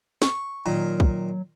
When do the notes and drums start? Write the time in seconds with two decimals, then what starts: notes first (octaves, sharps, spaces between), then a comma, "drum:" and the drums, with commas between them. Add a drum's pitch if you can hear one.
0.22 C#6, drum: snare
0.66 A#2 D#3 F#3
1.00 drum: kick